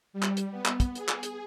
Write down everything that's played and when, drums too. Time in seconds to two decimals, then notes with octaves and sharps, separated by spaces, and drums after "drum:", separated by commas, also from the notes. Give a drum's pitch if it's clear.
0.13 G3
0.23 drum: clap
0.37 drum: hi-hat
0.51 B3
0.66 drum: clap
0.80 drum: kick, hi-hat
0.95 G#4, drum: hi-hat
1.09 drum: clap
1.23 drum: hi-hat